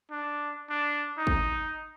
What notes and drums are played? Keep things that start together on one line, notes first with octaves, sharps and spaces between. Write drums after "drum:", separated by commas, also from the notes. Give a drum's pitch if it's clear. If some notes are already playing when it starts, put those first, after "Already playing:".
D4
D4
D#4
drum: kick